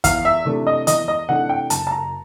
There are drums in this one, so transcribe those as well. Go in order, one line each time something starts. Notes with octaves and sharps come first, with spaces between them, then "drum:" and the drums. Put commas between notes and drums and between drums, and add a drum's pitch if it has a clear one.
E2 F5, drum: kick, hi-hat
E5
C3 E3 A3 D4
D#5
E2 D#5, drum: hi-hat
D#5
C3 E3 A3 D4 F#5
G5
F#1 A5, drum: hi-hat
A5
A#5